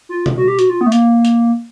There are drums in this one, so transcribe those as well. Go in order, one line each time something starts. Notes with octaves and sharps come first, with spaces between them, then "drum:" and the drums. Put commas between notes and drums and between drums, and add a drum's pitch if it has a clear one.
F4
drum: tom B2
F#4
G4
F#4, drum: hi-hat
F4
B3
A3
A#3, drum: hi-hat
drum: hi-hat